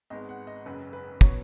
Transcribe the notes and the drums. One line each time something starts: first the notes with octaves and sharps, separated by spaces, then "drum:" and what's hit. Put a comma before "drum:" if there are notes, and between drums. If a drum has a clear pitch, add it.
G#1 G#2 G#3 B3 D#5
F#5
D#5
F#1 F#2 C#3 B4
B4
B2 F#3 B3 C#5, drum: kick